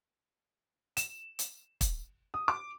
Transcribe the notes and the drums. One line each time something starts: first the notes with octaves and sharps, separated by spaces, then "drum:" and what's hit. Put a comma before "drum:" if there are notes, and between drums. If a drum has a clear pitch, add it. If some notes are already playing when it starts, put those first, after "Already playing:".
E7, drum: hi-hat
drum: hi-hat
drum: kick, hi-hat
D#6
D6